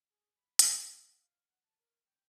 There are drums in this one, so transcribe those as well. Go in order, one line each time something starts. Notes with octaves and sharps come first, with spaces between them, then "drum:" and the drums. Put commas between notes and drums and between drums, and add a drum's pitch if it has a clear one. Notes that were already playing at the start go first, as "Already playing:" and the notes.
G#4
B5
B3, drum: hi-hat
F3
F#5
F5
F#5
A5
A#4
G5